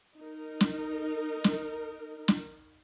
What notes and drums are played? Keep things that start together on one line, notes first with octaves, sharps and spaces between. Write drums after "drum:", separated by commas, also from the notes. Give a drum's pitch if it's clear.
D#4 A#4
drum: snare
drum: snare
drum: snare